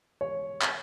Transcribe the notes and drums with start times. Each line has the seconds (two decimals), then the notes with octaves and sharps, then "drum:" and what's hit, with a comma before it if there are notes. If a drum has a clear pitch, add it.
0.21 C#5
0.61 drum: clap